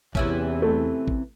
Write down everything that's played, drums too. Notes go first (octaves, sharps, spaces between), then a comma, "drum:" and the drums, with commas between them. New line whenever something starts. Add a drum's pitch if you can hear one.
E2 C3 E3 C#4, drum: kick A1
A3
drum: kick A1